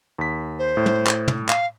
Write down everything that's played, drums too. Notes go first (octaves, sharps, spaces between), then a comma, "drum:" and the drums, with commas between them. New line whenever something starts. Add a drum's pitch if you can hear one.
D#2 B6
C5
A2
drum: tom
drum: clap
drum: tom
F5, drum: clap